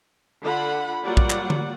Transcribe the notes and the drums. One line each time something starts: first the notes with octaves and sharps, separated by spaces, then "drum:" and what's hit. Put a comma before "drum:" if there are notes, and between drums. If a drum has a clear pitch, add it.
D3 F4 F#5 B5
F#3 G3 A#3 F4 D5 F#5
drum: kick
drum: clap
drum: tom D3